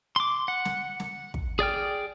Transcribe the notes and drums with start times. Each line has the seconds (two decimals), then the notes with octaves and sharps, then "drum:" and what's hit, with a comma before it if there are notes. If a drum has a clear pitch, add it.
0.16 C6 D6
0.48 F#5
0.65 drum: snare
1.00 drum: snare
1.34 drum: kick
1.59 G#4 D5 G5 F6